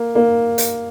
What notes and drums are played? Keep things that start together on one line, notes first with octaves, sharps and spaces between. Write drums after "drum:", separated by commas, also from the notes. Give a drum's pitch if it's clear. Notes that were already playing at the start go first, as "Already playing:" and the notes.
Already playing: A#3
A#3
drum: hi-hat